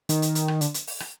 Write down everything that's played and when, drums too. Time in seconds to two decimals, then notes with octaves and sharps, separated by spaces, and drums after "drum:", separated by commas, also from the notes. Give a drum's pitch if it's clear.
0.09 D#3, drum: hi-hat
0.22 drum: hi-hat
0.35 drum: hi-hat
0.48 drum: rim click
0.61 D3, drum: hi-hat
0.74 drum: hi-hat
0.87 drum: open hi-hat
1.00 drum: rim click